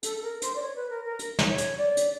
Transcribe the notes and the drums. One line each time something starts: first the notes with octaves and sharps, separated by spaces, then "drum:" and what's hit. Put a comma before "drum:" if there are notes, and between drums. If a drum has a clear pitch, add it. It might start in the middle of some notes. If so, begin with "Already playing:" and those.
A4, drum: hi-hat
A4
A#4
C5, drum: hi-hat
D5
C#5
B4
A#4
A#4
drum: hi-hat
drum: snare
C#5
drum: hi-hat
D5
drum: hi-hat